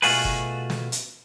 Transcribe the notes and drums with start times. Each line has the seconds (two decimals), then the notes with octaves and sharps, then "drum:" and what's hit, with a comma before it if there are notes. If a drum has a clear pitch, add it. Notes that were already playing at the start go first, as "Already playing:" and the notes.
0.02 B2 A3 F4 F#4 G#4 B4, drum: open hi-hat
0.25 drum: kick
0.70 drum: snare
0.92 drum: hi-hat